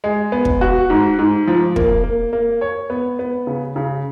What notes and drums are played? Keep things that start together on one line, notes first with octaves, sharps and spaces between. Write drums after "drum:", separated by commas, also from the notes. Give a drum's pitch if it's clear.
G#3
B3
drum: kick
F#4
G#2
G#2
F3
A#3, drum: kick
A#3
A#3
C#5
B3
B3
C#3
C#3